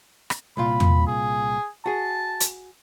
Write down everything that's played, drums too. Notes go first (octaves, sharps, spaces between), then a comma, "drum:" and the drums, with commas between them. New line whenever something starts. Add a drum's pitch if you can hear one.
drum: rim click
C2 A#2 F4 B5
drum: tom E2
G#4
F#4 G#4 A5
drum: hi-hat